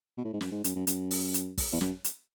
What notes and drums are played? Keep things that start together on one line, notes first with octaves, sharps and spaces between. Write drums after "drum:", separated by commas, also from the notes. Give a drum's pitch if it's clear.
B2
A2
G#2
F#2, drum: snare
G#2
F#2, drum: hi-hat
F#2
F#2, drum: hi-hat
drum: open hi-hat
drum: hi-hat
drum: kick, open hi-hat
E2
F#2, drum: snare
drum: hi-hat